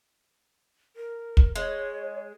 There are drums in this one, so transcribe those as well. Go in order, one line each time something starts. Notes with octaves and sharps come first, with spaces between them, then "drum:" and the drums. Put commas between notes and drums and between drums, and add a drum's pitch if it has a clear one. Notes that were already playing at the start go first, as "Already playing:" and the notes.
A#4
drum: kick
G#3 C#5